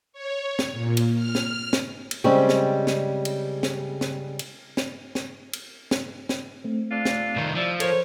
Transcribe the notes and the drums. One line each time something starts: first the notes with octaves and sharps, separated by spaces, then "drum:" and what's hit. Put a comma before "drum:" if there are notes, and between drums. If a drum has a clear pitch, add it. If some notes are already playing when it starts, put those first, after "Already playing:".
C#5
drum: snare
A#2
drum: cymbal
F6
drum: snare
drum: snare
drum: cymbal
C#3 G3 G#3 C4
drum: snare
drum: snare
drum: cymbal
drum: snare
drum: snare
drum: cymbal
drum: snare
drum: snare
drum: cymbal
drum: snare
drum: snare
A3 C4
D3 D4 F4
drum: snare
C2 D#3
F3 G3 E4 D5
A4 A#4 C5 C#5, drum: cymbal